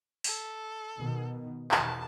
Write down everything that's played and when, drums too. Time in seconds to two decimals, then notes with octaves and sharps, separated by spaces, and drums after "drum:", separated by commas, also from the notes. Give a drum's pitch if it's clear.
0.24 A4, drum: open hi-hat
0.98 B2 D#3
1.71 E2 B2 D#3 A5, drum: clap